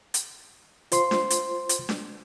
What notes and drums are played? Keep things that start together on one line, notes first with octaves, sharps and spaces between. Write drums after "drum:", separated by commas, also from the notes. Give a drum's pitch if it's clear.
drum: hi-hat
F4 C5 C6, drum: hi-hat
drum: snare D4
drum: hi-hat
drum: hi-hat
drum: snare D4